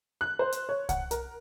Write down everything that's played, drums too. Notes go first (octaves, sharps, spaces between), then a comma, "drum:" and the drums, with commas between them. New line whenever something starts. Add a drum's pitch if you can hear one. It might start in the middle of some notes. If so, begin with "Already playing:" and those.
F#6
C5
drum: hi-hat
C#5
F#5, drum: kick C2, hi-hat
A#4, drum: hi-hat